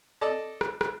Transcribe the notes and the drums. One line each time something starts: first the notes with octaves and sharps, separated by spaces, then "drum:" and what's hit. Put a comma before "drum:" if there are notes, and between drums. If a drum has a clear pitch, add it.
A4 D5 D#5 A5
drum: rim click
drum: rim click